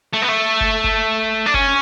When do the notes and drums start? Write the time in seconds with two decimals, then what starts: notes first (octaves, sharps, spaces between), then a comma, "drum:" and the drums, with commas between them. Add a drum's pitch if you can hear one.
0.13 A3
0.22 B3
0.28 A3
0.61 drum: kick F#1
0.84 drum: kick F#1
1.46 D4
1.54 C#4, drum: kick F#1